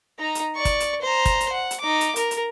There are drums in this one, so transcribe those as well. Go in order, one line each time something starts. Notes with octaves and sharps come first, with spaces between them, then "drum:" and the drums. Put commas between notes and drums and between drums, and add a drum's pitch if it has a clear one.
D#4 A#5
drum: hi-hat
D5 C#6
drum: kick, hi-hat
drum: hi-hat
C5 A#5
drum: kick, hi-hat
drum: hi-hat
F#5
drum: hi-hat
D#4 D6
drum: hi-hat
A#4, drum: hi-hat
drum: hi-hat